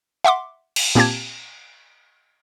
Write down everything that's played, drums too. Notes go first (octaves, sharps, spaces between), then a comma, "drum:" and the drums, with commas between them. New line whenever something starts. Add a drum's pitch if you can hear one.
E5 F#5 C6 D6
drum: cymbal
A#2 A#3 C4 G4 A5 G#6